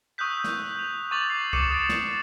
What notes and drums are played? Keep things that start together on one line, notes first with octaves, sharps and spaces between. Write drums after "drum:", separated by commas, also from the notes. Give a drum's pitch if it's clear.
C#6 D#6 E6 F#6 G6 B6
drum: snare
F7
C#6 D6 A6 F7 F#7
C7
C#6 D6 A6 C#7 E7, drum: kick C2
D#6 A6 D7
drum: snare